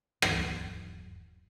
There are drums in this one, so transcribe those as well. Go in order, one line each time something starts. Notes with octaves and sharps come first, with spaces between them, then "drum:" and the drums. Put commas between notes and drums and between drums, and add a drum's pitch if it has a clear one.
D#1 G2 E3 F#3, drum: rim click